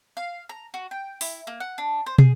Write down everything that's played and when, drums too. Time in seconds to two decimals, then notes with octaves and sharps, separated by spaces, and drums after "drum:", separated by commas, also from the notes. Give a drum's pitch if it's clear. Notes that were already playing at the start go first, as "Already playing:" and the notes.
0.17 F5
0.49 A#5
0.74 F#4
0.91 G5
1.21 E4, drum: open hi-hat
1.47 A#3
1.60 F#5
1.78 D4
2.06 C5
2.18 G#4, drum: tom